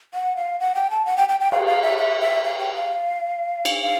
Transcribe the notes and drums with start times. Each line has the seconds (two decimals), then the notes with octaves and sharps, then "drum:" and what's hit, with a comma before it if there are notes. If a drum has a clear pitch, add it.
0.14 F#5
0.36 F5
0.60 F#5
0.75 G5
0.91 A5
1.06 F#5
1.17 G5
1.29 G5
1.40 G5
1.52 F5, drum: cymbal
1.67 F5
1.83 E5
1.98 E5
2.21 E5
2.44 F5
2.59 G5
2.74 F5
3.65 drum: cymbal
3.82 F5